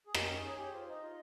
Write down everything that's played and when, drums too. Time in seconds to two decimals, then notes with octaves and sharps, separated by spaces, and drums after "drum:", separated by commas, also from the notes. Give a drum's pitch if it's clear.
0.07 G#4
0.14 G4 D#5, drum: rim click
0.24 C#4
0.34 D#4
0.43 G#4 C#5
0.58 G4 C#5
0.73 F4 C5
0.88 D#4 D#5
1.02 F4